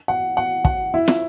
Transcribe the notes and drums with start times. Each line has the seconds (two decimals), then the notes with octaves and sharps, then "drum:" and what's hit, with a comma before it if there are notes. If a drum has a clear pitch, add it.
0.08 F#5
0.37 F#5
0.65 F#5, drum: kick
0.94 E4
1.08 drum: snare